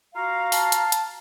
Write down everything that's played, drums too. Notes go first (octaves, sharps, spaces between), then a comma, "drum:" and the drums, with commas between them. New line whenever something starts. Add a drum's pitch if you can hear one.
F4 F#4 F5 A#5
A5, drum: open hi-hat
drum: hi-hat
drum: hi-hat